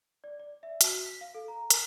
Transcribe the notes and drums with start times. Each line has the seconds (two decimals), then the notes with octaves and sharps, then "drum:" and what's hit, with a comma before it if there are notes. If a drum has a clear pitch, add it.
0.24 D5
0.40 D5
0.63 E5
0.81 F#4, drum: hi-hat
1.05 B6
1.21 F5
1.35 A4
1.48 A#5
1.70 A#4, drum: hi-hat